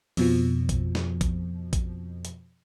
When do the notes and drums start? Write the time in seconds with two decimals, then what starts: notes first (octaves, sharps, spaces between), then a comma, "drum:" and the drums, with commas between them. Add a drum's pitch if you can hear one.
0.17 F2 B2 F3, drum: open hi-hat
0.69 drum: kick, hi-hat
0.95 drum: snare
1.21 drum: kick, hi-hat
1.73 drum: kick, hi-hat
2.25 drum: hi-hat